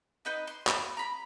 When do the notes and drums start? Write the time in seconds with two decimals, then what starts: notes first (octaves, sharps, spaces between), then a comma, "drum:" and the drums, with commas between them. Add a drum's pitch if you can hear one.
0.25 D#4 B4 D#5
0.47 C6
0.67 B5, drum: clap
0.97 A#5 B5